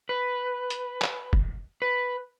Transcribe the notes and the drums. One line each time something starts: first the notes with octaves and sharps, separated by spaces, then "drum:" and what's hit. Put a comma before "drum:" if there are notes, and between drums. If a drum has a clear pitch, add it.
B4
drum: hi-hat
drum: clap
drum: kick E1
B4